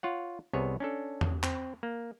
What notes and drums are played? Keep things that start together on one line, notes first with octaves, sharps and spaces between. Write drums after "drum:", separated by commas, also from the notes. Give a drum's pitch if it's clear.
F4 C#5 F#5
C2 C3 B3 G#4 C#5
C#4 D4 A4
drum: tom E2
C4, drum: clap
A#3